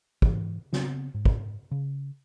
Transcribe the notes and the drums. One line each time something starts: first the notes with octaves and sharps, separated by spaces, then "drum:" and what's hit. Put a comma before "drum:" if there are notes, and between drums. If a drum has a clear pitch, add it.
G#2 E3, drum: kick
C#3 B3 C4, drum: snare
G#2
drum: kick
C#3